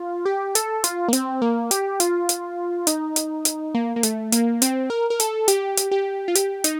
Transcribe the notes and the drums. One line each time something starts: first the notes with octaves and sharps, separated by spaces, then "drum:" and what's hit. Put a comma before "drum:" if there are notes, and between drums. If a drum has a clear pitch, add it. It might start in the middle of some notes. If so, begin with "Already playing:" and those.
Already playing: F4
G4
A4, drum: hi-hat
F4, drum: hi-hat
A#3
C4, drum: hi-hat
A#3
G4, drum: hi-hat
F4, drum: hi-hat
drum: hi-hat
D#4, drum: hi-hat
drum: hi-hat
drum: hi-hat
A#3
A#3
A3, drum: hi-hat
A#3, drum: hi-hat
C4, drum: hi-hat
A#4
A#4
A4, drum: hi-hat
G4, drum: hi-hat
drum: hi-hat
G4
F4
G4, drum: hi-hat
D#4, drum: hi-hat